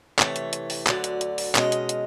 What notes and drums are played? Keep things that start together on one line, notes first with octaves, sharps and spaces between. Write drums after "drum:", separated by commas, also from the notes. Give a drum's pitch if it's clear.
C3 E3 A3 C#5, drum: clap
drum: hi-hat
drum: hi-hat
drum: open hi-hat
D2 D3 F#3 D5, drum: clap
drum: hi-hat
drum: hi-hat
drum: open hi-hat
B2 G#3 C#4 D#5, drum: clap
drum: hi-hat
drum: hi-hat